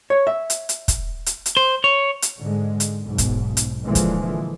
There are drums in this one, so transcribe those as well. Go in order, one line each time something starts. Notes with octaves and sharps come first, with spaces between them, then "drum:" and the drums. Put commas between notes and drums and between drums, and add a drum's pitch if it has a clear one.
C#5
E5
drum: hi-hat
drum: hi-hat
drum: kick, hi-hat
drum: hi-hat
drum: hi-hat
C5
C#5
drum: hi-hat
G#2 D3 G#3
drum: hi-hat
B1 G#2
drum: kick, hi-hat
drum: hi-hat
A#2 D3 E3 F3 G#3
drum: kick, hi-hat